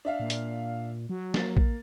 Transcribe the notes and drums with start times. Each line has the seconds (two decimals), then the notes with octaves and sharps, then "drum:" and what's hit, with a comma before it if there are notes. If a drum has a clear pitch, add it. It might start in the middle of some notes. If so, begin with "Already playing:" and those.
0.05 D4 E5 F5
0.20 A#2
0.30 drum: hi-hat
1.09 F#3
1.34 A#3 A6, drum: snare
1.57 drum: kick